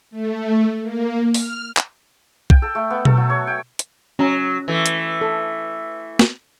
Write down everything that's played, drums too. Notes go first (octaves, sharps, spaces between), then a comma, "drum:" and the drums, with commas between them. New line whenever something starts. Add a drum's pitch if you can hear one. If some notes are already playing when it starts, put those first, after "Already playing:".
A3
A#3
F6, drum: open hi-hat
drum: clap
G5, drum: kick B1
A4
A3
B3
A4, drum: tom B2
F#3
C#5
G5
drum: hi-hat
F#3 C#4 A#5
E3 A3
drum: hi-hat
A4
drum: snare